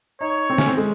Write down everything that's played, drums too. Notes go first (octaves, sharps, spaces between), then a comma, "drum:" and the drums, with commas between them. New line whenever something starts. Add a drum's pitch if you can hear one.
D#4 C#5
C4
C#4, drum: snare
C4
G#3